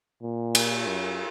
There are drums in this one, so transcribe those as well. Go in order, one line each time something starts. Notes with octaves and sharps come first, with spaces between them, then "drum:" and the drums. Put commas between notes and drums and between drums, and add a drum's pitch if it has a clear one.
A#2
drum: cymbal
F#2